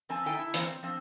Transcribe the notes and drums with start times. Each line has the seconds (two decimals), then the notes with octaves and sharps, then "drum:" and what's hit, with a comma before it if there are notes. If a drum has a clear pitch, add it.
0.09 F3 C4 G#5 A5
0.25 D#3 D#4 E4 A4 G5 G#5
0.39 E4
0.54 E3 A#3 C4 C5, drum: hi-hat
0.66 C4
0.83 F3 C4